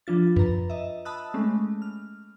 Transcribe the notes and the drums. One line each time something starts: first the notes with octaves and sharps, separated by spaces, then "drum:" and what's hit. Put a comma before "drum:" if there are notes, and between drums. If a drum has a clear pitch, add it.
F3 D4 F4 A6
B4 A#5, drum: tom F2
D#5 E5
A5 B5 D#6 E6 F#6
G#3 A3 C#4
F6